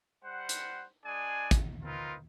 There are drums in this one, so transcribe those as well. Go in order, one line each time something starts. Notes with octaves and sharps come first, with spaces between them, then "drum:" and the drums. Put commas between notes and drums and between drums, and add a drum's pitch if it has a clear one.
G3 C5 F#5
drum: hi-hat
G#3 D4 G#4 D5 G#5
drum: kick, hi-hat
C4 D#4 F4 A#4 B4